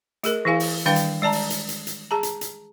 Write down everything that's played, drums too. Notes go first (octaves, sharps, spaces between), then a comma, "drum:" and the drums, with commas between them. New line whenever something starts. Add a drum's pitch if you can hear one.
A3 G#4 A#4, drum: hi-hat
E3 E4 G#4 F5 G#5
drum: open hi-hat
D#3 G3 D4 B4 F5 G5
drum: hi-hat
G#3 D5 A5 A#5
drum: open hi-hat
drum: hi-hat
drum: hi-hat
drum: hi-hat
G#4 A5 A#5
drum: hi-hat
drum: hi-hat